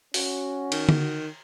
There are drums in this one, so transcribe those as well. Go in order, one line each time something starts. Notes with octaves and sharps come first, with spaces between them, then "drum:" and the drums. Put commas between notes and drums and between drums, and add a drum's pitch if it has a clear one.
C#4 F#4, drum: open hi-hat
D#3, drum: cymbal
drum: tom D3